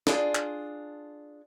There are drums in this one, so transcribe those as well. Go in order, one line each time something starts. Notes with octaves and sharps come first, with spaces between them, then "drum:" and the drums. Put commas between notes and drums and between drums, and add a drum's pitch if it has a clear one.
D4 F4 G#4, drum: snare
drum: clap